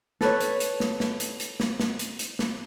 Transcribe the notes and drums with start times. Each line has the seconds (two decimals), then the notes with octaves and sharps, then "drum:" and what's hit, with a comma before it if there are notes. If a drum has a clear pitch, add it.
0.21 A4 B4 C#5, drum: snare
0.41 drum: hi-hat
0.60 drum: hi-hat
0.80 drum: snare
1.00 drum: snare
1.20 drum: hi-hat
1.40 drum: hi-hat
1.60 drum: snare
1.80 drum: snare
1.99 drum: hi-hat
2.19 drum: hi-hat
2.39 drum: snare